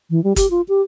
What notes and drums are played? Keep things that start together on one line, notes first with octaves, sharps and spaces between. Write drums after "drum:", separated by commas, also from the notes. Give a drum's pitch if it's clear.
E3
G3
G4, drum: kick, hi-hat
F4
G4